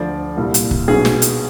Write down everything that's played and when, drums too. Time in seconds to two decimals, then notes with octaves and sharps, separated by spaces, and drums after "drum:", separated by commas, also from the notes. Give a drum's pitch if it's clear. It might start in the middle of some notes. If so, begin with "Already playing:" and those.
Already playing: D2 D3 F3 D5
0.37 C2 A#2 G3
0.54 drum: hi-hat
0.71 drum: kick
0.88 B1 B2 F#3 G#4
1.05 drum: snare
1.22 drum: hi-hat